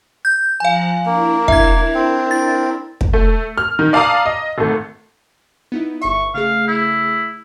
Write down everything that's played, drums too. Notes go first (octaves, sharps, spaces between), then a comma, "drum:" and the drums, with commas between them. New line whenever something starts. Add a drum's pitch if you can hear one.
G6
F3 F5 G#5 A#5 F#6
A#3 D4 E4 A#4
E5 G#6, drum: kick
C4
A6
drum: kick
A3
F6
D#3
D5 F5 A5 A#5 D6 D#6
D#5
G#1 A3
B3 D#4 E4
G1 E5 C#6
C#3 A3 G#4 F5
E4